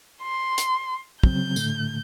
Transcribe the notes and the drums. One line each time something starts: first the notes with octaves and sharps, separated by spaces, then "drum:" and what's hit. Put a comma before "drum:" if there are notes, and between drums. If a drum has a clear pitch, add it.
C6
drum: hi-hat
C#3 F#3 C4 G6, drum: kick
A2 D3 A3, drum: tambourine